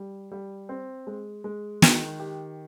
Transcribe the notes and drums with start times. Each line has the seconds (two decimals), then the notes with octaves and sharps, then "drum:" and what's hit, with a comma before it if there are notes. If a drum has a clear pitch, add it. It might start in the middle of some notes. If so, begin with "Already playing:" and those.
Already playing: G3
0.32 G3
0.69 C4
1.07 G#3
1.44 G#3
1.82 D#3, drum: snare
2.20 G4